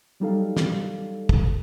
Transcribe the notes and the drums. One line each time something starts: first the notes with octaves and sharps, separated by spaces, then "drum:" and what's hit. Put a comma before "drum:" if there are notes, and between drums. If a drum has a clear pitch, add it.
F#3 G3 D#4 A4 F5
drum: snare
drum: kick